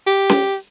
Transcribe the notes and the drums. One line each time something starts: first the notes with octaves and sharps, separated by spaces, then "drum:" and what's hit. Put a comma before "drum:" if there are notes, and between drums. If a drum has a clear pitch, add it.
G4
drum: snare C#4